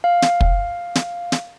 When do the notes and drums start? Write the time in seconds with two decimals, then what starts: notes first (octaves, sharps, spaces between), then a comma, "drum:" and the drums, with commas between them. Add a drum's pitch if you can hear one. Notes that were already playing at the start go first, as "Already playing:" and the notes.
0.04 F5
0.22 drum: snare
0.41 drum: kick
0.95 drum: snare
1.32 drum: snare